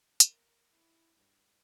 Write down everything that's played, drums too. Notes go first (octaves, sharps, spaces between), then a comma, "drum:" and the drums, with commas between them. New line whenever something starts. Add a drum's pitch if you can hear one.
A#4, drum: hi-hat
E4
G2